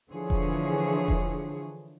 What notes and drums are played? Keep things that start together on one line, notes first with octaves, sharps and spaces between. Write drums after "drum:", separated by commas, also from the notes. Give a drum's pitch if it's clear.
D3 E3 F3 G#4 C#5
drum: kick E1
drum: kick E1